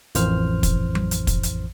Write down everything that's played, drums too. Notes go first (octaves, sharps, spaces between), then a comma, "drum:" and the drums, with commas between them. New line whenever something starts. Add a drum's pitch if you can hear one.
A1 F2 E3 C5 F6, drum: hi-hat
drum: kick, hi-hat
drum: tom F#3
drum: hi-hat
drum: kick, hi-hat
drum: hi-hat